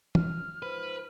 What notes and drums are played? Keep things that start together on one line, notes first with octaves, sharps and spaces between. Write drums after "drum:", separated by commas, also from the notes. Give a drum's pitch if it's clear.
F6, drum: tom
G#2 F3 B4 C5